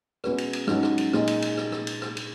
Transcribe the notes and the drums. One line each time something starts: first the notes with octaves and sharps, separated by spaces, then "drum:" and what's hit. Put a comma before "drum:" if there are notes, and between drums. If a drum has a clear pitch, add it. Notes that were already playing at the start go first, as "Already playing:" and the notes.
B2 G#3 C#4 F#4 B4, drum: rim click
drum: cymbal
drum: cymbal
G#2 F#3 C#4, drum: rim click
drum: rim click
drum: cymbal
A#2 G#3 D#4, drum: rim click
drum: cymbal
drum: cymbal
drum: rim click
drum: rim click
drum: cymbal
drum: rim click
drum: cymbal